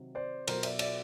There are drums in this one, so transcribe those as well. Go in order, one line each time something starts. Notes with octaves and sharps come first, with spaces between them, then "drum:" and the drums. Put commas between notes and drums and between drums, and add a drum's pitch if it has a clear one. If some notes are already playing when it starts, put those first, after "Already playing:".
Already playing: C3 D#3 F#3
C5 D5
B2 F#3 A#4 C5, drum: cymbal
D5 E5, drum: cymbal
D5 E5, drum: cymbal